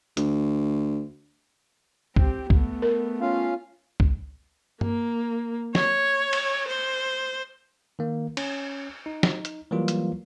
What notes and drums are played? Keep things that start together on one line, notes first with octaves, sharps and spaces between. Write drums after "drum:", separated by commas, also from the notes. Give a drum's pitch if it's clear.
D2, drum: hi-hat
C4 G4, drum: kick C#2
A3 B3, drum: kick C#2
A#4
C#4 F4 F5
drum: kick C#2
A#3, drum: tom
C#5, drum: snare
drum: cymbal
C5
D#3 A#3
C#4, drum: cymbal
D#4
drum: snare
drum: hi-hat
E3 F#3 G3 A#3 F4
drum: hi-hat